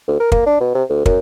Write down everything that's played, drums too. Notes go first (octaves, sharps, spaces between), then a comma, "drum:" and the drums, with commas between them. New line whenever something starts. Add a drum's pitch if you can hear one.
D2
A#4
A#3, drum: kick
D4
B2
C3
D2
F#2, drum: kick